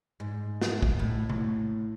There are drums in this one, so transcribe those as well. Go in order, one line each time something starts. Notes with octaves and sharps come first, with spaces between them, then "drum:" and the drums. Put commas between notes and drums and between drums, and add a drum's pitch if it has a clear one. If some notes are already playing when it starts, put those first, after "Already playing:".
G#2
drum: snare
drum: kick
A2
drum: tom C3